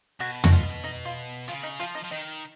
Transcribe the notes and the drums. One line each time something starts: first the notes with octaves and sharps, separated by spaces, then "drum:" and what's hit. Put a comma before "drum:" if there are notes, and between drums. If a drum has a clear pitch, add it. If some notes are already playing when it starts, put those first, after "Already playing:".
B2 F#4
F#4, drum: tom
F4
D#4
F4
C#3 F4
D#4
F3 F4
D#4
F3
D#3 D#4